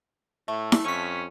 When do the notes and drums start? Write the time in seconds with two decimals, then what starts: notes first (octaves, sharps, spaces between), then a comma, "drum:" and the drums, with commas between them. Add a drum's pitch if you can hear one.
0.48 A2 A3
0.72 drum: snare E4
0.84 F2 C#4 C#6 B6